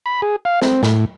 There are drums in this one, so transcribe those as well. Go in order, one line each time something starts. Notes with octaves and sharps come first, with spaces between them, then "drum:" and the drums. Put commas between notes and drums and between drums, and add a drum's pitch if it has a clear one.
B5
G#4
F5
C4, drum: snare
A2, drum: snare